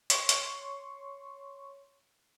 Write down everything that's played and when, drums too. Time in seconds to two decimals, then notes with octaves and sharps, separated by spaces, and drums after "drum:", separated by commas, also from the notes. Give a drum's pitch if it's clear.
0.10 C#5 C6 C#6, drum: hi-hat
0.29 drum: hi-hat